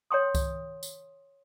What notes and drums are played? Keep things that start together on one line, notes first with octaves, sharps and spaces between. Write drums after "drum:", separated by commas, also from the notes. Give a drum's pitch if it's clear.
C#5 G5 C6 D#6
drum: kick C2, tambourine
drum: tambourine